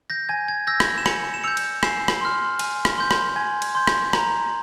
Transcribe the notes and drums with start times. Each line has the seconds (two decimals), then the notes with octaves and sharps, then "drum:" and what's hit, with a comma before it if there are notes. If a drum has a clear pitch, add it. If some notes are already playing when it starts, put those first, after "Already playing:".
0.10 G6 A#6
0.29 G#5 G#6
0.48 G#6
0.67 E6 G6 A#6
0.80 drum: rim click
0.98 E7
1.06 G#5 C#7 F7, drum: rim click
1.34 E7
1.44 E6 G6 C#7 F7
1.57 drum: cymbal
1.83 G#5 C7 E7, drum: rim click
2.08 drum: rim click
2.21 C6 F6
2.59 G#5, drum: cymbal
2.85 drum: rim click
2.98 C6 G6
3.11 drum: rim click
3.36 G#5 G#6
3.62 drum: cymbal
3.75 C6 G6
3.87 drum: rim click
4.13 A#5, drum: rim click